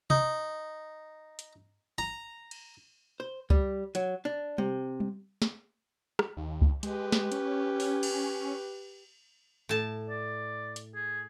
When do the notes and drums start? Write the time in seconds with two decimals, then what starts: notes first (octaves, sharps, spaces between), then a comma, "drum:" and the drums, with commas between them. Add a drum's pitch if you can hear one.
0.10 D#4, drum: tom C3
1.39 drum: hi-hat
1.98 A#5
2.51 drum: cymbal
3.20 C5
3.50 G3, drum: kick C#2
3.95 F#3, drum: hi-hat
4.25 D4
4.58 C3, drum: tom G3
5.00 drum: tom G3
5.42 drum: snare
6.19 drum: rim click
6.37 D#2
6.62 drum: kick C#2
6.83 G#3 G4 B4, drum: hi-hat
7.12 drum: snare
7.32 C#4, drum: hi-hat
7.80 drum: open hi-hat
8.03 drum: cymbal
9.69 A2 A5
10.09 D5
10.76 drum: hi-hat
10.95 G#4